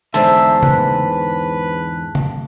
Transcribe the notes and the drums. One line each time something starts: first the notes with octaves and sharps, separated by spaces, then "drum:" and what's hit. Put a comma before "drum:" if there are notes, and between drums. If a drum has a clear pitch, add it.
E2 G#2 D3 A#4 C5 E5 A5, drum: hi-hat
B4, drum: tom
drum: tom